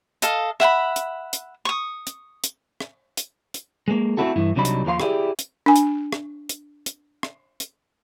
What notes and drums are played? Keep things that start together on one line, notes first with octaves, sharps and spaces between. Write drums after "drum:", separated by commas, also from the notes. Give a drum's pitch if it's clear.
A4 D#5 F5, drum: hi-hat
E5 F#5 G5 B5, drum: rim click
drum: hi-hat
drum: hi-hat
C#6 D#6
drum: hi-hat
drum: hi-hat
drum: rim click
drum: hi-hat
drum: hi-hat
G#3 A#3
A3 C4 C#4 E4 F#4 A4
G2 E3 E4
C2 C3 F#3 D4 D#4 B5
drum: hi-hat
D#2 F3 A#4 F5 C6
E4 G4 G#4 B4 D5, drum: rim click
drum: hi-hat
D4 G#5
drum: hi-hat
drum: rim click
drum: hi-hat
drum: hi-hat
drum: rim click
drum: hi-hat